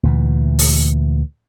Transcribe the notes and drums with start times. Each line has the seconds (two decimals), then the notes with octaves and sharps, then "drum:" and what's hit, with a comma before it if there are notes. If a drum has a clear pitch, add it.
0.03 D2 A#2 E3
0.59 drum: open hi-hat